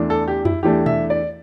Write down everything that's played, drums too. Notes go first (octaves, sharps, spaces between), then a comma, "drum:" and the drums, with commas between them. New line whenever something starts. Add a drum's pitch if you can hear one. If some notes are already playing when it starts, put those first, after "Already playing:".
Already playing: E2 E3 A3 D4
A4
G4
E4, drum: tom F2
E2 E3 A3 D4 G4
E5, drum: tom B2
D5